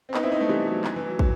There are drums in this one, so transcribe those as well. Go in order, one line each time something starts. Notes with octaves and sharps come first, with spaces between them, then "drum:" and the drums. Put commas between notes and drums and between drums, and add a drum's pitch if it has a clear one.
C4
B3 D#4, drum: clap
C4 E4
B3 D#4
A3 C4
E3 G3
F#3
E3, drum: clap
E3
F#3
F#3, drum: kick